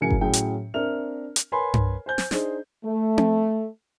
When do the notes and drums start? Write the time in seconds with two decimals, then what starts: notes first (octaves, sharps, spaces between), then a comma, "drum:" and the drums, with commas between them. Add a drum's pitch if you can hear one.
0.01 A2 C#3 F#3 A#4 G#5 C#7
0.10 drum: kick G1
0.21 A2 F#3 C#4 G#4 G5
0.33 drum: hi-hat
0.74 C4 D4 A#4 E5 F6 F7
1.36 drum: hi-hat
1.52 A#4 B4 C#5 G#5 B5 C6
1.74 drum: tom G2
2.06 C5 G#5 G6
2.18 drum: snare
2.31 D4 D#4 G#4 C5, drum: snare
2.85 A3
3.18 drum: tom C4